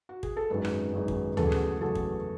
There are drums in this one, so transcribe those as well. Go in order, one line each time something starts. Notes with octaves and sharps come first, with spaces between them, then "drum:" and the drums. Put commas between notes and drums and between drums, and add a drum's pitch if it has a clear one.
F#4
G#4, drum: kick
A4
G#1 F#2 D#3 G#3 B4
drum: rim click
G#1 F#2 D#3 G#3
drum: kick
E2 C#3 F#3 A3 A4, drum: tom D2
G#4
F#4, drum: rim click
G#4
E2 C#3 F#3 A3 A4
drum: kick